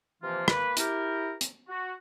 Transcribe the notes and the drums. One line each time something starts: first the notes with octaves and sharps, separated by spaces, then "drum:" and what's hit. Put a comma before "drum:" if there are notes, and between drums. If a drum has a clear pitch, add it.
C3 E3 F3 A#3 F4
A#3 B4, drum: rim click
E4 G4 A#4, drum: hi-hat
drum: hi-hat
F#4